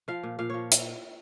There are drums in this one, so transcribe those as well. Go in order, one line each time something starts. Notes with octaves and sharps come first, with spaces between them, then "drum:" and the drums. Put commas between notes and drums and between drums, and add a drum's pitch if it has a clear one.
F3 F5
A#2
A#2 F5
F3 C#5
drum: hi-hat